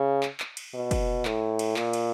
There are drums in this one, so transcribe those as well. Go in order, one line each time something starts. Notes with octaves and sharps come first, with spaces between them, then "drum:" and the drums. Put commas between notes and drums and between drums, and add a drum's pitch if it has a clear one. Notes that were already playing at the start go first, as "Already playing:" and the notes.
Already playing: C#3
drum: clap
drum: clap
drum: cymbal
B2
drum: kick, cymbal
A2, drum: clap
drum: cymbal
A#2, drum: clap
drum: cymbal